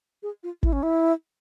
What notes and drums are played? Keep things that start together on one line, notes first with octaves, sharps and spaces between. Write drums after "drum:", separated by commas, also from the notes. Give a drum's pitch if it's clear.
G#4
F4
E4, drum: kick
C#4
E4